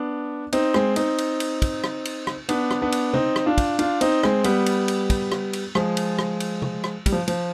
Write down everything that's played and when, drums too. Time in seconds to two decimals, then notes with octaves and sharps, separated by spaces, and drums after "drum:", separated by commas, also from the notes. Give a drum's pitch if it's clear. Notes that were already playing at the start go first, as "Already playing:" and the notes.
Already playing: B3 D4
0.53 C4 D#4, drum: cymbal
0.74 G#3 C4, drum: rim click
0.96 C4 D#4, drum: cymbal
1.18 drum: cymbal
1.40 drum: cymbal
1.62 drum: kick, cymbal
1.84 drum: rim click
2.05 drum: cymbal
2.27 drum: rim click
2.49 B3 D4, drum: cymbal
2.71 drum: rim click
2.81 B3 D4
2.92 drum: cymbal
3.14 C4 D#4, drum: tom C3
3.36 drum: rim click
3.46 D4 F4
3.58 drum: kick, cymbal
3.79 D4 F4, drum: cymbal
4.01 C4 D#4, drum: cymbal
4.23 G#3 C4, drum: rim click
4.44 G3 B3, drum: cymbal
4.66 drum: cymbal
4.88 drum: cymbal
5.10 drum: kick, cymbal
5.32 drum: rim click
5.53 drum: cymbal
5.75 F3 G#3, drum: rim click
5.97 drum: cymbal
6.19 drum: rim click
6.40 drum: cymbal
6.62 drum: tom C3
6.84 drum: rim click
7.06 G3, drum: kick, cymbal
7.12 F3
7.28 F3, drum: cymbal